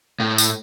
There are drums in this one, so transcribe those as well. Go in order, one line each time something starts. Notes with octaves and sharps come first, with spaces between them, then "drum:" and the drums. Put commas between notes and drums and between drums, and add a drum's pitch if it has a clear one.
A2
drum: tambourine